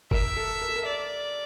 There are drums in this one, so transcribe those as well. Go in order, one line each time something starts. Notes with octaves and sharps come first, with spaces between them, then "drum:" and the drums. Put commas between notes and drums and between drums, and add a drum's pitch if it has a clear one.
A#4 E5, drum: kick F#1
A4
A#4
A4
A#4
D5